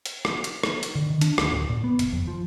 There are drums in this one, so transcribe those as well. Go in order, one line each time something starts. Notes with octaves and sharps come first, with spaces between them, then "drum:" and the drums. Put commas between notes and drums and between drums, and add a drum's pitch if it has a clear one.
drum: hi-hat
drum: rim click
drum: hi-hat
drum: rim click
drum: hi-hat
D3
D#3
D4, drum: hi-hat
D2, drum: rim click
D1
A#2
B3
F#1, drum: hi-hat
F2
F3